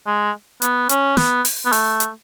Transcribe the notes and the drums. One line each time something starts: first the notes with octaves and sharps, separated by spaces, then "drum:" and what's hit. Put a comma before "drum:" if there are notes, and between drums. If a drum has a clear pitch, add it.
G#3
B3, drum: hi-hat
C#4, drum: hi-hat
B3, drum: snare
drum: open hi-hat
B3
A3, drum: open hi-hat
drum: hi-hat